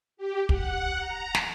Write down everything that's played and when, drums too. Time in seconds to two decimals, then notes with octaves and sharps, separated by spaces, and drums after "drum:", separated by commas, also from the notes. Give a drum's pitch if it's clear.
0.17 G4
0.49 F#5, drum: kick
0.96 A#5
1.35 drum: snare